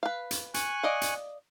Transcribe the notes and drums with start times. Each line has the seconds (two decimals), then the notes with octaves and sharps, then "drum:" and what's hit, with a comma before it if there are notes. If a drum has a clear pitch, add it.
0.03 B4 F5
0.31 drum: hi-hat
0.54 G#5 C#6 F#6, drum: hi-hat
0.83 D5 D#5 F5
1.01 drum: hi-hat